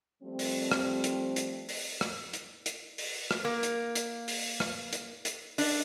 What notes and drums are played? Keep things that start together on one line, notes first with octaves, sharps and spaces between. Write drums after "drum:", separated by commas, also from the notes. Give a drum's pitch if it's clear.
F3 G3 A3 C4
drum: open hi-hat
drum: rim click
drum: hi-hat
drum: hi-hat
drum: open hi-hat
drum: rim click
drum: hi-hat
drum: hi-hat
drum: open hi-hat
drum: rim click
A#3
drum: hi-hat
drum: hi-hat
drum: open hi-hat
drum: rim click
drum: hi-hat
drum: hi-hat
D4, drum: open hi-hat